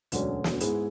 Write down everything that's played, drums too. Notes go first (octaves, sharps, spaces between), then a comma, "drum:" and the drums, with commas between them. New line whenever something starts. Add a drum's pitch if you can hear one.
E1 D2 D3 F#3 C#4, drum: hi-hat
drum: snare
G#2 G#3 B3 E4 G#4, drum: hi-hat